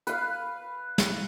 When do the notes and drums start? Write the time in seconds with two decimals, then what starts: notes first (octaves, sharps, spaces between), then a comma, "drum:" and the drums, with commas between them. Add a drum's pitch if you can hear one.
0.07 B4 F5, drum: hi-hat
0.98 drum: snare